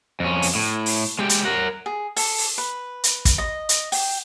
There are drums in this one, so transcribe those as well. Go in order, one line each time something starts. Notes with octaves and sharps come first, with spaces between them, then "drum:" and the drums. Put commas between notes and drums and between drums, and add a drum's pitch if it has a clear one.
F2 C#4
drum: open hi-hat
A2
drum: open hi-hat
G#3 G4
drum: hi-hat
A#4 F#5
G#4
A4, drum: open hi-hat
drum: open hi-hat
B4
drum: hi-hat
drum: kick, hi-hat
D#5
drum: hi-hat
G5, drum: open hi-hat